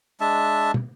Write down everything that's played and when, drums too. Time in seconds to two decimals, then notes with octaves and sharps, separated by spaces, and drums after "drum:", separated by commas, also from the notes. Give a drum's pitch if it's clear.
0.21 G#3 D4 E5 A5
0.74 drum: tom